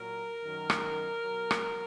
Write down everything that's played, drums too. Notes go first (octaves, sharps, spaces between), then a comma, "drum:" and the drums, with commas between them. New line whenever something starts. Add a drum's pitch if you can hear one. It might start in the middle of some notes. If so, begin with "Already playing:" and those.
Already playing: A#2 F#3 A#4
F#2 D#3 F#3
drum: rim click
B2 F#3
drum: rim click